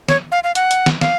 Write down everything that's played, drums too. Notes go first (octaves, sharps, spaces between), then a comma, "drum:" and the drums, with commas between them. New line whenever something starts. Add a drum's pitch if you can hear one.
C#5, drum: snare
F5
F5
F#5, drum: hi-hat
drum: hi-hat
drum: snare
F5, drum: snare